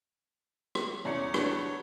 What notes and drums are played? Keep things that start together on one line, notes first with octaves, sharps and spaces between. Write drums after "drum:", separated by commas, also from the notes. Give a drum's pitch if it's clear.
drum: rim click
E2 C#4 C#5 D5 C#7
D4 F#4 B4, drum: rim click